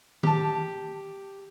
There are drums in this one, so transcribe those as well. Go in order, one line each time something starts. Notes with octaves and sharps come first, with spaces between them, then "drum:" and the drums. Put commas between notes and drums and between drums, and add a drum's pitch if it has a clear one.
G4 A5, drum: tom